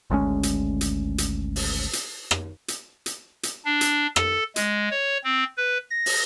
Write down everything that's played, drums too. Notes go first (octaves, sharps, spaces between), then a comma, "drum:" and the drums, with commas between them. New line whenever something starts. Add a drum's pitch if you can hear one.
G#1 D2 G#3 C#4
drum: hi-hat
drum: hi-hat
drum: hi-hat
drum: open hi-hat
drum: hi-hat
drum: rim click
drum: hi-hat
drum: hi-hat
drum: hi-hat
D4
drum: hi-hat
A4, drum: rim click
G#3, drum: hi-hat
C#5
C4
B4
A#6
drum: open hi-hat